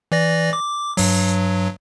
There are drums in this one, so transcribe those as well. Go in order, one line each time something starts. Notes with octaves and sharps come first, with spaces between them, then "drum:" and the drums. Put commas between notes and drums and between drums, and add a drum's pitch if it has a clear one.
E3 D5 A#6
D6
G2 F#3, drum: open hi-hat